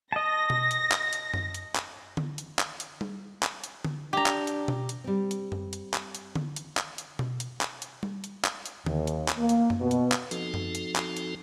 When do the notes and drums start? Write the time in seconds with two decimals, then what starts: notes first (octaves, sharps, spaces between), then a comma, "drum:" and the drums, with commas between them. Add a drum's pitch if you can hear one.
0.12 D#5 A5 A#6
0.50 drum: tom B2
0.71 drum: hi-hat
0.92 drum: clap
1.13 drum: hi-hat
1.34 drum: tom F#2
1.54 drum: hi-hat
1.75 drum: clap
2.17 drum: tom D3
2.38 drum: hi-hat
2.59 drum: clap
2.80 drum: hi-hat
3.01 drum: tom G3
3.43 drum: clap
3.64 drum: hi-hat
3.85 drum: tom D3
4.13 D4 G4 A#5
4.26 drum: clap
4.47 drum: hi-hat
4.68 drum: tom B2
4.89 drum: hi-hat
5.04 G3 C4
5.31 drum: hi-hat
5.52 drum: tom F#2
5.73 drum: hi-hat
5.94 drum: clap
6.15 drum: hi-hat
6.35 drum: tom D3
6.56 drum: hi-hat
6.77 drum: clap
6.98 drum: hi-hat
7.19 drum: tom B2
7.40 drum: hi-hat
7.61 drum: clap
7.82 drum: hi-hat
8.03 drum: tom G3
8.24 drum: hi-hat
8.45 drum: clap
8.66 drum: hi-hat
8.86 D#2, drum: tom D3
9.07 drum: hi-hat
9.28 drum: clap
9.38 A#3
9.49 drum: hi-hat
9.70 drum: tom F#2
9.80 B2
9.91 drum: hi-hat
10.12 drum: clap
10.31 F3 C4 D#4 F#4 A4, drum: hi-hat
10.54 drum: tom F#2
10.75 drum: hi-hat
10.96 drum: clap
11.17 drum: hi-hat